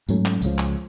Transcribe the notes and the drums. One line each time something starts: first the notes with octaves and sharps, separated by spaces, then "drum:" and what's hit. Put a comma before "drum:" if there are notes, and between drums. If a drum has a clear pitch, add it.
G#2 F#3 A3 C#4, drum: tambourine
drum: clap
C#2 C#3 F3, drum: tambourine
drum: clap